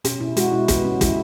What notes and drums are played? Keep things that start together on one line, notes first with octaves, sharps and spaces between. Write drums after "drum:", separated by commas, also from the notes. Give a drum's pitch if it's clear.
B2 C#4, drum: hi-hat
B2 E4
G#3 F#4, drum: hi-hat
B2 E4
B2 B3, drum: kick, hi-hat
B2 C#4
G#3 E4, drum: kick, hi-hat